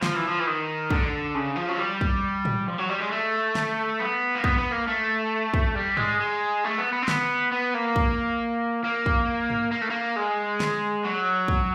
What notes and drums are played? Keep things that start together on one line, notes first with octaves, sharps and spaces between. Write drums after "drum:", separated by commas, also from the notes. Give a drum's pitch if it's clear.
F3, drum: snare
E3
F3
E3
D#3
D3, drum: kick
C#3
F3
F#3
G3
drum: kick
drum: tom A2
F3
F#3
G3
G#3
A3
drum: snare
B3
A#3
B3, drum: kick
B3
A#3
A3
drum: kick
G3
G#3, drum: tom G2
G#3
A3
B3
B3
C4
B3, drum: snare
B3
A#3
drum: kick
A#3
drum: kick
drum: tom G2
A#3
A3
A#3
G#3
drum: snare
F#3
drum: kick